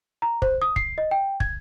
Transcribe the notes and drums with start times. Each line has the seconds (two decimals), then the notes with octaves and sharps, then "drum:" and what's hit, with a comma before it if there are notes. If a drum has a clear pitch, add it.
0.22 A#5
0.42 C5, drum: kick
0.62 D#6
0.76 C7, drum: kick
0.98 D#5
1.11 G5
1.40 G#6, drum: kick